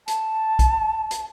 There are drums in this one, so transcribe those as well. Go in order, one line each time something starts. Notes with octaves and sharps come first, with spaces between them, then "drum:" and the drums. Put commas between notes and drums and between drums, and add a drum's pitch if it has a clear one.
A5, drum: hi-hat
drum: kick B1, hi-hat
drum: hi-hat